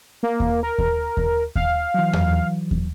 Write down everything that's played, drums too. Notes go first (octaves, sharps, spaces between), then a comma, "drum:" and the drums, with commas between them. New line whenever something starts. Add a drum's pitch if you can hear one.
A#3
drum: kick D#2
A#4
drum: kick D#2
drum: kick D#2
F5, drum: kick D#2
E3 F#3
drum: tom E2
drum: kick D#2